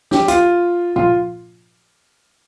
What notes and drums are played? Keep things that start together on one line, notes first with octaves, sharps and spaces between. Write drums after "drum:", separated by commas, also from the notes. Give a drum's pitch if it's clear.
G4, drum: snare
F4, drum: hi-hat
F4, drum: tom A#2